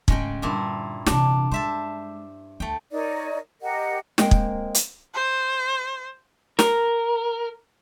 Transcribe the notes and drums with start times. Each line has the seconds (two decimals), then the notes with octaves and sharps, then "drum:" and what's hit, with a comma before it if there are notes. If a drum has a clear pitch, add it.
0.08 G#1 C#3 G#3 A3 G5, drum: kick
0.42 G2 A#2 D3 G3 E4
1.06 C3 E3 D4, drum: snare
1.52 G#3 C5 E5 A5
2.60 D2 A3 G5
2.92 D#4 A#4 C#5 D5
3.62 G4 A#4 D#5 F#5
4.18 G#3 A#3 C4 A#4 C5 G5, drum: snare
4.31 drum: kick
4.75 drum: hi-hat
5.15 C5
6.59 A#4, drum: snare